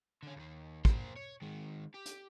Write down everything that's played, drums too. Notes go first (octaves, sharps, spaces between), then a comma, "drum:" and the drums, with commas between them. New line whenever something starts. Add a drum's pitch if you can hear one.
D3 C#4
D#2 D#3
A#3 C5, drum: kick
C#5
D#3 G#3
G4
drum: hi-hat